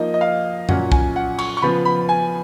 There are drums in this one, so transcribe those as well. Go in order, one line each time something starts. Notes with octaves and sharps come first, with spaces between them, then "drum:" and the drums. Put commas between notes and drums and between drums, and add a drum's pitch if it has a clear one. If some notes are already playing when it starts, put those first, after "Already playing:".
Already playing: F3 A#3 D#4 D#5
D#5
F5
A#2 F#3 C#4 F#5, drum: tom F#2
G#5, drum: kick
F#5
C#6, drum: cymbal
C#6
C#3 F3 B3 B5
B5
G#5